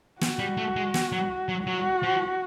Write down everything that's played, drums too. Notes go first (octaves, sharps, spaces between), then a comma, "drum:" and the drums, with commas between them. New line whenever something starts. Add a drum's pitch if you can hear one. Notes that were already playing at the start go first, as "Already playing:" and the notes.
F#4, drum: snare
G3
A3
G#3
drum: snare
F#3
F#3
F#3 F#4
F3